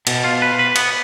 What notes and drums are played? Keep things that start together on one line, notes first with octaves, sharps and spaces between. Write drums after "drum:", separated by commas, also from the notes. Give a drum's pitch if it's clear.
B2, drum: cymbal
F4
B4
B4
B3, drum: cymbal